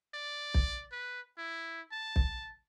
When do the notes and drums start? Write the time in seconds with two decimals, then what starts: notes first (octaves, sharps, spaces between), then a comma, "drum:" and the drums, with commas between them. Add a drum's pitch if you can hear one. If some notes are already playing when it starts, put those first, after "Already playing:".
0.14 D5
0.54 drum: kick
0.92 B4
1.38 E4
1.92 A5
2.16 drum: kick